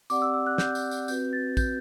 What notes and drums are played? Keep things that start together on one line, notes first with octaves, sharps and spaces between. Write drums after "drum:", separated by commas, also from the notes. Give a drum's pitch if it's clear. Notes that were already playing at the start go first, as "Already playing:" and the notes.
C4 G4 D5 F#5 D6, drum: tambourine
E6
E6
F#6
G6, drum: snare
drum: tambourine
drum: tambourine
C4 F#4 B4 G6, drum: tambourine
A6
G6, drum: kick, tambourine